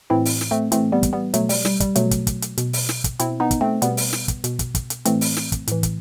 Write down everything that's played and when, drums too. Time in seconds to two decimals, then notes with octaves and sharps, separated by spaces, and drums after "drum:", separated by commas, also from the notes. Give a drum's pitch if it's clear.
0.10 A2 E3 C4 E4
0.25 drum: open hi-hat
0.41 drum: snare
0.51 A3 C4
0.72 A2 E3 A3 C4, drum: hi-hat
0.92 G3 B3
1.03 drum: kick, hi-hat
1.13 G3 B3
1.34 B2 F#3 A3, drum: hi-hat
1.49 G3, drum: open hi-hat
1.65 G3, drum: snare
1.80 G3, drum: kick, hi-hat
1.96 B2 F#3 A3, drum: hi-hat
2.11 drum: kick, hi-hat
2.27 drum: kick, hi-hat
2.42 drum: hi-hat
2.58 B2, drum: hi-hat
2.73 drum: open hi-hat
2.89 drum: snare
3.04 drum: kick, hi-hat
3.19 B2 C4 E4, drum: hi-hat
3.40 B3 D#4
3.51 drum: kick, hi-hat
3.61 A3 C4
3.82 B2 G3 B3, drum: hi-hat
3.97 drum: open hi-hat
4.13 drum: snare
4.28 drum: kick, hi-hat
4.44 B2, drum: hi-hat
4.59 drum: kick, hi-hat
4.75 drum: kick, hi-hat
4.90 drum: hi-hat
5.05 A2 E3 A3 C4, drum: hi-hat
5.21 drum: open hi-hat
5.37 drum: snare
5.52 drum: kick, hi-hat
5.67 A2 E3, drum: hi-hat
5.83 drum: kick, hi-hat